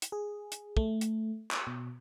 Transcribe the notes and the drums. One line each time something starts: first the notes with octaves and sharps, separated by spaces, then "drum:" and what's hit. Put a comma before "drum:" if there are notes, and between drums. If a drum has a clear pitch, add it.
drum: hi-hat
G#4
drum: hi-hat
A3, drum: kick
drum: hi-hat
drum: clap
B2